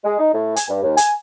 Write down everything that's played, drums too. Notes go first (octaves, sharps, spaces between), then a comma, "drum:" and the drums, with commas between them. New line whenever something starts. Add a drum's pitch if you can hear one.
G#3
D#4
A2
G#5, drum: hi-hat
G2
D#2
G#5, drum: hi-hat